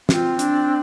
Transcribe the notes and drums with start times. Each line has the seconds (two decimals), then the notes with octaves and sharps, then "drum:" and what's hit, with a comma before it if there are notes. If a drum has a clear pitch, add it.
0.09 C4 F4, drum: snare
0.39 D4, drum: hi-hat